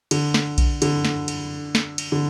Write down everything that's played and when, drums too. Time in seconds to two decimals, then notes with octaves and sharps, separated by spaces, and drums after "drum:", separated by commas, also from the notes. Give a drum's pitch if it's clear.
0.11 D3, drum: cymbal
0.34 drum: snare
0.58 drum: kick A#1, cymbal
0.82 D3, drum: cymbal
1.05 drum: snare
1.28 drum: cymbal
1.75 drum: snare
1.98 drum: cymbal
2.12 D3